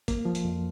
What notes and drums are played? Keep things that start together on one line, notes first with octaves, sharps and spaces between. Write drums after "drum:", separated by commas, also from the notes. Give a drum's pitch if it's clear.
A#3, drum: kick G#1, hi-hat
F3
drum: hi-hat
F2